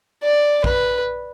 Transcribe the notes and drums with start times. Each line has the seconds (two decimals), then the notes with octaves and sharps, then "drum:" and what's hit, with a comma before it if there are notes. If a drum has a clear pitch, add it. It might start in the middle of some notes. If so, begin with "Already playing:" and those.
0.23 D5
0.64 B4, drum: kick A#1